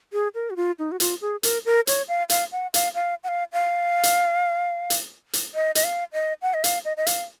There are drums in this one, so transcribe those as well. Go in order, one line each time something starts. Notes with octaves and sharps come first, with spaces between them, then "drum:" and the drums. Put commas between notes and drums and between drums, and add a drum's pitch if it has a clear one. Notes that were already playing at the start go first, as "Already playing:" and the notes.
G#4
A#4
F#4
F4
D#4
F#4
F4, drum: hi-hat
G#4
A#4, drum: hi-hat
A#4
C#5, drum: hi-hat
F5
F5, drum: hi-hat
F#5
F5, drum: hi-hat
F5
F#5
F5
F5
drum: hi-hat
drum: hi-hat
drum: hi-hat
D#5
D#5, drum: hi-hat
F5
D#5
F#5
D#5
F5, drum: hi-hat
D#5
D#5
F5, drum: hi-hat